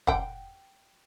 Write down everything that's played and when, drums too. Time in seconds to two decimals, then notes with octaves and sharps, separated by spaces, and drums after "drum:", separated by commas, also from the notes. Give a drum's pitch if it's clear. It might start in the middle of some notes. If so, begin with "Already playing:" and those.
0.07 F#5 G5, drum: kick